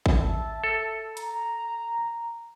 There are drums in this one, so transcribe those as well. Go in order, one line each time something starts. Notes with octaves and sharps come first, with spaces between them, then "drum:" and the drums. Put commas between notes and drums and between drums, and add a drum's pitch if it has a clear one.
drum: kick
E5 A5
A4
A#5, drum: hi-hat